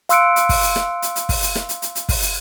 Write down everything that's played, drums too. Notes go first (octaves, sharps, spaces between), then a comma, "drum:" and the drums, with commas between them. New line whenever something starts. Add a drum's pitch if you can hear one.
F5 C6 E6 F#6 C#7 D7, drum: hi-hat
drum: hi-hat
drum: kick, open hi-hat
drum: hi-hat
drum: snare
drum: hi-hat
drum: hi-hat
drum: kick, open hi-hat
drum: hi-hat
drum: snare
drum: hi-hat
drum: hi-hat
drum: hi-hat
drum: kick, open hi-hat
drum: hi-hat